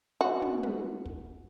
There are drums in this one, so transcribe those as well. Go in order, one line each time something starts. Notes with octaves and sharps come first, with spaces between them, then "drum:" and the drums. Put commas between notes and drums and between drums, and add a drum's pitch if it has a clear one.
F#4
drum: tom
drum: tom
drum: kick